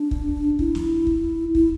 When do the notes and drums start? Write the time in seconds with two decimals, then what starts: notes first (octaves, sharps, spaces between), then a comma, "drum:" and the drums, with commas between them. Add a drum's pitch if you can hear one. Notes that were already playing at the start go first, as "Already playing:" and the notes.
Already playing: D4
0.11 drum: kick
0.59 E4, drum: kick
0.75 drum: snare
1.07 drum: kick
1.55 E4, drum: kick